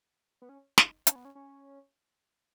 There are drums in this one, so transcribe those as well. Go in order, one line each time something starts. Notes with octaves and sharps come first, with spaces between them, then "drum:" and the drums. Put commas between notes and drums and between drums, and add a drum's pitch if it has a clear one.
B3
C#4
D#4, drum: snare
C#4, drum: hi-hat
B3
C#4
C#4